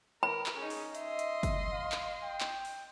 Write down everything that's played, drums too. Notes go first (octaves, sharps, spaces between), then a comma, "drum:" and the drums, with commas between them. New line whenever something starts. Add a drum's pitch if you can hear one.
A#4 B4 B5
drum: clap
C#4 D#4 G#4
drum: open hi-hat
D#5 E5 C6, drum: hi-hat
drum: hi-hat
drum: kick F#1, hi-hat
F5
drum: clap
G5
drum: clap
drum: open hi-hat